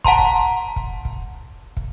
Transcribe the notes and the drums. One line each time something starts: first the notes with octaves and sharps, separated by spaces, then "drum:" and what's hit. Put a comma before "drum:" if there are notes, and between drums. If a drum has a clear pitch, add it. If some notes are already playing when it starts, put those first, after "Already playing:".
F#5 A5 A#5 C6, drum: kick
drum: kick
drum: kick
drum: kick
drum: kick